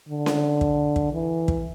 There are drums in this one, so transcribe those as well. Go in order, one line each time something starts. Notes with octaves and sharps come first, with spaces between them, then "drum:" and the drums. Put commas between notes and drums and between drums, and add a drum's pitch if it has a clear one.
D3
drum: snare C#4
drum: kick
drum: kick
E3
drum: kick